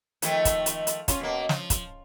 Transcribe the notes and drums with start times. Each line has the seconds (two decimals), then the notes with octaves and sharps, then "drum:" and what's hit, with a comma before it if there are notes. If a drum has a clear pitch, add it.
0.22 D#3 F3 A3, drum: hi-hat
0.45 drum: kick, hi-hat
0.66 drum: hi-hat
0.87 drum: hi-hat
1.08 C#4 F4, drum: kick, hi-hat
1.20 B2 A#3
1.49 F3, drum: snare
1.70 drum: kick, hi-hat